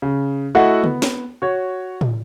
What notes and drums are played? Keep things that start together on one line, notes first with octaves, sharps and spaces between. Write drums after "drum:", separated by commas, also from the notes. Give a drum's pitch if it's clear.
C#3
A3 E4 F#4 A4 D#5 F#5
B3, drum: tom C#3
drum: snare
F#4 C#5
drum: tom